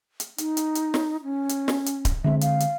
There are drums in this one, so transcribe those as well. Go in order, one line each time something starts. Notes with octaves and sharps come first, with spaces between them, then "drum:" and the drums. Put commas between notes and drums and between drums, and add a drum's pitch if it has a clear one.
drum: hi-hat
D#4, drum: hi-hat
drum: hi-hat
drum: hi-hat
drum: snare
C#4
drum: hi-hat
drum: snare
drum: hi-hat
drum: kick D1, hi-hat
D3 G#3 C4 E5
F5, drum: hi-hat
drum: hi-hat